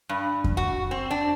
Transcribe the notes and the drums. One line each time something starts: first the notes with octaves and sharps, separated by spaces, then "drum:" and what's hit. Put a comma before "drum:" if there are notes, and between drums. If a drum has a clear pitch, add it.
G2
drum: kick F2
F#4
C4
D4